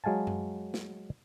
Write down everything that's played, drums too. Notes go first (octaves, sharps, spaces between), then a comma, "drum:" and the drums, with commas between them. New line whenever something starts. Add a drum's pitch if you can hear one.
F#3 G#3 F5 G#5 A5
drum: tom F#2
drum: snare